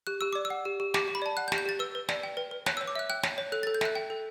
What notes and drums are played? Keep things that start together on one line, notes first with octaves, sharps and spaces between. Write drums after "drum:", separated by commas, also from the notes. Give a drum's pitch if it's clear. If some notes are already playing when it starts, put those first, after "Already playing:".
G4 F#6
G4 E6
D5 D6
E6
F#5
G4
G4
G4 D6, drum: snare
G4
B5
D5 A5
F#5 F#6
G6
G4, drum: snare
G6
G4 A6
B4 E6
B4
D5, drum: snare
G5
B4
B4
C#5 F#6, drum: snare
E6
C#5
D6
E5 F#6
G5 F#6
C#5, drum: snare
C#5
A4 F#6
A6
A4
G6
E5 F#6, drum: snare
G5
A4